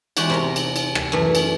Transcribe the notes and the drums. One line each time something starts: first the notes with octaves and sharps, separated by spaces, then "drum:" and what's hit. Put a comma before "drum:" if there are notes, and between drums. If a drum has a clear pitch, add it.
E2 G#3 F#4 G4, drum: cymbal
C3 A#4 A#5
drum: cymbal
drum: cymbal
drum: rim click
F#2 E3 A3
drum: cymbal